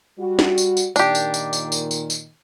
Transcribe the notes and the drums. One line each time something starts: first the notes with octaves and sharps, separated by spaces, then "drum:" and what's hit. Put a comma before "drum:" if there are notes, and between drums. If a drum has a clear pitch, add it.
G3 F#4
drum: snare
drum: tambourine
drum: tambourine
A#2 D#3 D4 G4, drum: tambourine
drum: tambourine
drum: tambourine
drum: tambourine
drum: tambourine
drum: tambourine
drum: tambourine